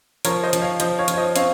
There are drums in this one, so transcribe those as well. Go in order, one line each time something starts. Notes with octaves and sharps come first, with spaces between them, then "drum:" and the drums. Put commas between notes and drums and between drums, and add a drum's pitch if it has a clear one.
F3 A#4 C#5, drum: hi-hat
C5 D#5
F3, drum: hi-hat
C#5 F5
F3 C5 D#5, drum: hi-hat
C#5 F5
F3, drum: hi-hat
C#5
C5 D#5
C4 C#5 F5, drum: hi-hat